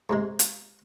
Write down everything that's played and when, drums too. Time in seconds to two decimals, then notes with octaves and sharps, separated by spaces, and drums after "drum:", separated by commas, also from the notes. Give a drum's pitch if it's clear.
0.10 G#2 C3 G#3
0.39 drum: hi-hat